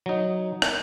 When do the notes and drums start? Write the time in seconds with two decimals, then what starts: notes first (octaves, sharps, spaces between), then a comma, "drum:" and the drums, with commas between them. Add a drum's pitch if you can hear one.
0.06 F#3 D#4
0.62 drum: rim click